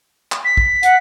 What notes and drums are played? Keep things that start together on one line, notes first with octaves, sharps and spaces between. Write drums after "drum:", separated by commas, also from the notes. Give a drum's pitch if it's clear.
drum: clap
B6
drum: kick
F#5, drum: hi-hat